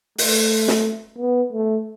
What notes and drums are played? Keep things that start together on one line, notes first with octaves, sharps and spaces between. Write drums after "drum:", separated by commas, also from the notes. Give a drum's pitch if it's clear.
A3, drum: open hi-hat
drum: snare
B3
A3